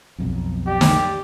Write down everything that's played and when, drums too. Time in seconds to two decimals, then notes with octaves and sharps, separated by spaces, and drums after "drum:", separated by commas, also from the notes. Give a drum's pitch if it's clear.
0.18 B1 F2
0.67 G4 D5
0.81 drum: snare